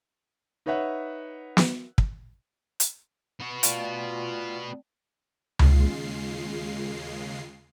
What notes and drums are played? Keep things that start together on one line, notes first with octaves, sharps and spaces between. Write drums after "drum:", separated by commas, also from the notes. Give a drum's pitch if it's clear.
D#4 B4 C#5 E5 F#5
drum: snare
drum: kick
drum: hi-hat
B3 F#4
A3 F4 D5 G5, drum: hi-hat
D#2 C#3 G#3 F4 C7, drum: tom C#2